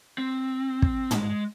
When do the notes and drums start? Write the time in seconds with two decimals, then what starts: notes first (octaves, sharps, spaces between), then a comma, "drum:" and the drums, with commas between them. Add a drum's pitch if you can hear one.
0.18 C4
0.82 drum: kick
1.11 G#3, drum: tom